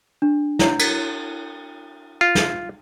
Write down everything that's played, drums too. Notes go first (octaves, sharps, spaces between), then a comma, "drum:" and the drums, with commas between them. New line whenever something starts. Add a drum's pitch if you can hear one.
D4
E4 C#5 F#5, drum: snare
drum: cymbal
F4
drum: snare